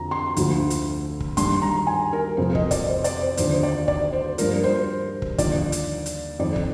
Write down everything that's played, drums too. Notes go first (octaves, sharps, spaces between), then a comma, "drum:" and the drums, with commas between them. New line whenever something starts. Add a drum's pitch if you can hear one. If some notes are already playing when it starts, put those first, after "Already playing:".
Already playing: F2 D3 F3 A#5
C6
D2 D3 F3, drum: hi-hat
drum: hi-hat
drum: kick
G2 D#3 C6, drum: kick, hi-hat
A#5
G#5
A#4
F2 C3 F3 C5
D#5, drum: kick
D5, drum: kick, hi-hat
C5
D5, drum: hi-hat
C5
D#2 D3 F3 C5, drum: hi-hat
C5
D5
D5, drum: kick
C5
G2 F3 A#4, drum: hi-hat
C5
drum: kick
D#2 D3 F3 D5, drum: kick, hi-hat
drum: hi-hat
drum: hi-hat
F2 D#3 D5
drum: kick